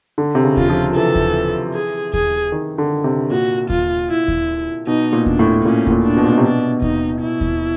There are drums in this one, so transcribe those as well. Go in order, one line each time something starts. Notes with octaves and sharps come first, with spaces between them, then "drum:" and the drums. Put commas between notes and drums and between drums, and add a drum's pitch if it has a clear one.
D3
C3
C#3
F4, drum: kick D#2
F3
E3 A4
drum: kick D#2
G#4
G#4, drum: kick D#2
D#3
D3
C3
A#2 F#4
F4, drum: kick D#2
E4
drum: kick D#2
B2 D#4
A#2
D4, drum: kick D#2
A2
A#2 C#4
A2, drum: kick D#2
A#2
D4
B2
A#2
B2
C3
B2 D4
D#4, drum: kick D#2
E4
drum: kick D#2